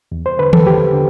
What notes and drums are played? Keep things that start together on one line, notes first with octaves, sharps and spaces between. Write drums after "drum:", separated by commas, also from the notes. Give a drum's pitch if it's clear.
E2
C5
D3 B4
A4, drum: tom D#3
E2 G4
D3